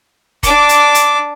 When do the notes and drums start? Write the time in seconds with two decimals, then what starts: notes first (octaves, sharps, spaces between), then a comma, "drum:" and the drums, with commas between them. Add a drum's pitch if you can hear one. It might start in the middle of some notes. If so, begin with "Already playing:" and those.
0.43 D4 D6, drum: kick, hi-hat
0.69 drum: hi-hat
0.95 drum: hi-hat